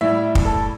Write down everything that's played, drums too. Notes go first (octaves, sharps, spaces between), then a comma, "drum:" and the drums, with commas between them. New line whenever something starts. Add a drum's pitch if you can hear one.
A2 G3 E4 E5
drum: kick
A4